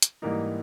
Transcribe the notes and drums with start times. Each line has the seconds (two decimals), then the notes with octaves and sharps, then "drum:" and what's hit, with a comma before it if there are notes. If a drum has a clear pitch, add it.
0.02 drum: hi-hat
0.22 G#2 E3 G3 A#3 D#4